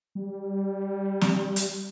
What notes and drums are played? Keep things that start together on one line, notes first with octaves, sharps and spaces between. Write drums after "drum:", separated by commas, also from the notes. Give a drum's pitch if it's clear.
G3
drum: snare
drum: hi-hat